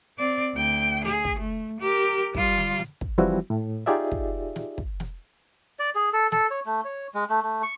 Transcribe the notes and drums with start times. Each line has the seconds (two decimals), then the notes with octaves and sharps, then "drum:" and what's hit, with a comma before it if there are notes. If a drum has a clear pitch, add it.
0.18 C4 D5
0.54 D2 G5
1.05 G#4, drum: snare
1.25 drum: kick
1.39 A3
1.81 G4 A#4
2.35 G3 F4, drum: kick
2.57 drum: tom D3
2.79 drum: snare
3.01 drum: kick
3.18 E3 F3 G3 C4 E4 F#4
3.50 A2
3.86 D#4 F4 G4 G#4 D5 E5
4.12 drum: kick
4.56 drum: snare
4.78 drum: kick
5.00 drum: snare
5.79 D5
5.95 G#4
6.13 A4
6.32 A4, drum: snare
6.51 C#5
6.66 A3
6.85 C#5
7.14 G#3
7.30 A3
7.43 A3
7.63 C#6